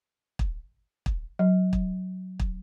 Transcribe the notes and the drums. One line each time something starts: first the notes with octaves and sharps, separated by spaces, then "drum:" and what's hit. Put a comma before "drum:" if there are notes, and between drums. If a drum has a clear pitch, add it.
drum: kick
drum: kick
F#3
drum: kick
drum: kick